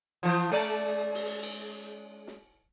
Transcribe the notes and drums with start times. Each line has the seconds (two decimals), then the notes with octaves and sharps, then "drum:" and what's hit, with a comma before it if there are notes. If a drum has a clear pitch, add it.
0.23 E3 F3
0.52 G#3 C#4 D5
1.15 drum: open hi-hat
1.43 drum: cymbal
2.27 drum: snare